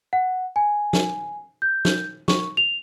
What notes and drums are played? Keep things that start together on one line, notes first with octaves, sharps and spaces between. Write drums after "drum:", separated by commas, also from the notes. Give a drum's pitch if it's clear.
F#5
G#5
drum: snare
G6
drum: snare
C#6, drum: snare
F7